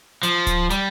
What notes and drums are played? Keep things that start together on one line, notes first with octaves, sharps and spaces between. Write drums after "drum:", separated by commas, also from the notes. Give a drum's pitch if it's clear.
F3, drum: hi-hat
drum: kick D1, hi-hat
G3, drum: hi-hat